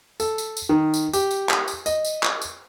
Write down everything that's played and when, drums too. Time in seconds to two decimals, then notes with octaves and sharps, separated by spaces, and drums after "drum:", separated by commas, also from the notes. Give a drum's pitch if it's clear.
0.20 A4, drum: tambourine
0.38 drum: tambourine
0.57 drum: tambourine
0.69 D#3
0.94 drum: tambourine
1.13 G4, drum: tambourine
1.31 drum: tambourine
1.49 drum: clap
1.68 drum: tambourine
1.86 D#5, drum: tambourine
2.05 drum: tambourine
2.23 drum: clap
2.42 drum: tambourine